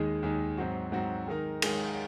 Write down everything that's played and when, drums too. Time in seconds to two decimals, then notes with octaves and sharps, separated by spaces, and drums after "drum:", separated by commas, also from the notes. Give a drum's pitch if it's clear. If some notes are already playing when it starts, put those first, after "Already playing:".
Already playing: D#2 D#3 G#3 D#4 G#4
0.23 D#2 D#3 G#3 D#4 G#4
0.57 G#2 F#3 C4 F#4
0.92 G#2 F#3 C4 F#4
1.27 D#3 G#3 D#4 A#4
1.62 D#3 G#3 D#4 A#4, drum: cymbal